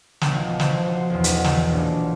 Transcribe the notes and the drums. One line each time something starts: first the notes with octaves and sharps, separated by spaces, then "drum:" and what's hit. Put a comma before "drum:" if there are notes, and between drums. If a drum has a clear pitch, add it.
B1, drum: snare
F3
C5, drum: snare
F#4 C5
B1 E2
drum: hi-hat
drum: snare
A#1